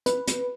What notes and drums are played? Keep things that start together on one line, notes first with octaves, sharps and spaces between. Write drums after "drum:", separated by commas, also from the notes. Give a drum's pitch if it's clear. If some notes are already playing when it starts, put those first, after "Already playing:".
B4, drum: hi-hat
drum: hi-hat